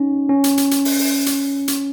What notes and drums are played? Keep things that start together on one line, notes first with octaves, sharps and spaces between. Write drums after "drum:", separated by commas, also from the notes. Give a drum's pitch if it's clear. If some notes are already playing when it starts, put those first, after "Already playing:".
Already playing: C#4 D#4
C#4
drum: hi-hat
drum: hi-hat
drum: hi-hat
drum: open hi-hat
drum: open hi-hat
drum: hi-hat
drum: hi-hat